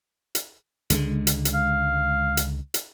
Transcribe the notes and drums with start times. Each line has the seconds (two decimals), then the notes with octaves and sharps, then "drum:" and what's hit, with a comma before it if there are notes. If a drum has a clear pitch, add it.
0.35 drum: hi-hat
0.90 C#2 D3 G#3, drum: hi-hat
1.27 drum: hi-hat
1.45 drum: hi-hat
1.54 F5
2.37 drum: hi-hat
2.74 drum: hi-hat